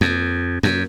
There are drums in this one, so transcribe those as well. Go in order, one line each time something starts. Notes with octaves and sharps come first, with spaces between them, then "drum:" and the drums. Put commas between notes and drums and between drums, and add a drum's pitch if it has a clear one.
F2, drum: snare A#3
F#2, drum: snare A#3